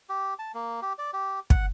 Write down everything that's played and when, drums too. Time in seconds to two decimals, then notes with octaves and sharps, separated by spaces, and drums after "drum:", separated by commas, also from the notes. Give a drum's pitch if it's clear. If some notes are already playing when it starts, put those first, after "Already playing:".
0.09 G4
0.39 A5
0.54 A#3
0.82 G4
0.98 D5
1.13 G4
1.50 F#5, drum: kick